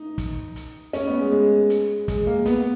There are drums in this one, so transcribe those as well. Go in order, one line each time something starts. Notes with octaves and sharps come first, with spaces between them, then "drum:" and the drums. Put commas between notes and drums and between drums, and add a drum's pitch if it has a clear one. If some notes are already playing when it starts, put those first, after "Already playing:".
Already playing: D#4
drum: kick, hi-hat
drum: hi-hat
C#4, drum: hi-hat
B3
G#3
G#3
drum: hi-hat
G#3, drum: kick, hi-hat
A#3
B3, drum: hi-hat